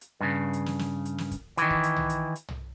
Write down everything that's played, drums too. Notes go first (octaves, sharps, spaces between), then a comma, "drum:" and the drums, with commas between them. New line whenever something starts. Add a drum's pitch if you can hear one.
drum: hi-hat
G2 C#3
drum: hi-hat
drum: snare
drum: snare
drum: hi-hat
drum: snare
drum: kick, hi-hat
D#3 E3, drum: hi-hat
drum: kick
drum: hi-hat
drum: tom
drum: hi-hat
drum: hi-hat
drum: tom